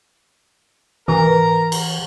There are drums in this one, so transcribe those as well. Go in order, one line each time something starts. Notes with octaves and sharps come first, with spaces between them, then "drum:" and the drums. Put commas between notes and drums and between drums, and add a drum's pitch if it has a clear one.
E3 A#4, drum: tom
drum: cymbal